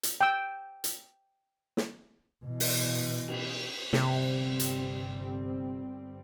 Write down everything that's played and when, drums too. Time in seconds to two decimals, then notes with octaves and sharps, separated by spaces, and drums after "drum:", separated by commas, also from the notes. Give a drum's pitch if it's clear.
0.03 drum: hi-hat
0.21 G5 E6
0.84 drum: hi-hat
1.77 drum: snare
2.45 B2 E3
2.60 drum: open hi-hat
3.28 drum: cymbal
3.93 G1 C3 G3 C4, drum: snare
4.60 drum: hi-hat